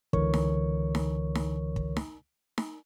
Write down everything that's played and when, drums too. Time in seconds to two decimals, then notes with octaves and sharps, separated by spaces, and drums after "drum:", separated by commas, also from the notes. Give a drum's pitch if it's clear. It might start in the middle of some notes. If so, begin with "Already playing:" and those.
0.13 C#2 D3 E3 A#4 C#5 C#6, drum: kick
0.34 drum: snare D#4
0.95 drum: snare D#4
1.35 drum: snare D#4
1.76 drum: kick
1.97 drum: snare D#4
2.58 drum: snare D#4